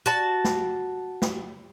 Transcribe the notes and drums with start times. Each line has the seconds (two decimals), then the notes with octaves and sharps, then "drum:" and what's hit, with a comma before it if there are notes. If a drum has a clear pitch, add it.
0.06 F#4 A5
0.44 drum: snare
1.22 drum: snare